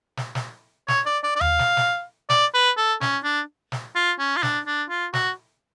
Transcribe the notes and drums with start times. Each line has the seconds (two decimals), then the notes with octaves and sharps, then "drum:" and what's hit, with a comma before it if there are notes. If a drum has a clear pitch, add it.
0.17 drum: snare
0.35 drum: snare
0.88 C#5, drum: snare
1.06 D5
1.23 D5
1.36 D5
1.41 F5, drum: tom D#2
1.59 drum: snare
1.77 drum: snare
2.29 D5, drum: snare
2.54 B4
2.77 A4
3.01 C#4, drum: snare
3.24 D4
3.72 drum: snare
3.95 F4
4.19 C#4
4.37 F4
4.43 D4, drum: snare
4.67 D4
4.90 F4
5.13 F#4, drum: snare